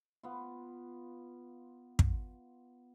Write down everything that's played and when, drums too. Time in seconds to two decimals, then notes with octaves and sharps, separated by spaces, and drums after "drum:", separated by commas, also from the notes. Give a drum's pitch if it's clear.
0.23 B3 F4
1.99 drum: kick